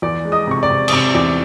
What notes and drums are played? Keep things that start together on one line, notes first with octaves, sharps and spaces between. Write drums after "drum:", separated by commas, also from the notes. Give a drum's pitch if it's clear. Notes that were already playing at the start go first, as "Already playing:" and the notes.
E2 D5 D6
G#3
D#5 D#6
C3 C#6
D5 D6
C3
D#6, drum: cymbal
C3 D5 D6
E2 D5 D6